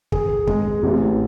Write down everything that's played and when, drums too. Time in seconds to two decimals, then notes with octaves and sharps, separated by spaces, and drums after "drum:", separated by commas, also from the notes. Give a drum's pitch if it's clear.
0.12 G#4, drum: kick
0.47 G#3, drum: kick
0.83 A1